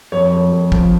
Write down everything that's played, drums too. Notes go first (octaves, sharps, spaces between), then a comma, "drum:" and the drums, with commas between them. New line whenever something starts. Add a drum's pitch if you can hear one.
F2 C#5
F2
F2
F3, drum: kick